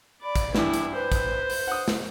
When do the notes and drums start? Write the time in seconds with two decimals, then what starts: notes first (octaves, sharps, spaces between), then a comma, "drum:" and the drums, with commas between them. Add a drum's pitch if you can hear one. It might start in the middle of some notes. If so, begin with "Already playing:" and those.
0.22 D5 B5
0.36 drum: kick, hi-hat
0.55 G2 E3 E4 D6, drum: snare
0.74 drum: hi-hat
0.94 B4 C5
1.12 drum: kick, hi-hat
1.50 drum: open hi-hat
1.67 F#5 D#6
1.88 drum: snare